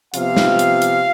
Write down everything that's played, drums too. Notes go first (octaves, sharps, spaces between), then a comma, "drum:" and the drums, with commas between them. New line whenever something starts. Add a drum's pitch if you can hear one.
C3 F3 B3 F4 F5, drum: hi-hat
drum: snare
drum: hi-hat
drum: hi-hat